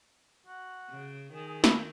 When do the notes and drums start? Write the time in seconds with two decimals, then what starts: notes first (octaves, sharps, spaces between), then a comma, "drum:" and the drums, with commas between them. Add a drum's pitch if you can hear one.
0.47 F#4
0.90 C#3
1.34 D#3 G#4
1.49 G#4
1.64 E4, drum: snare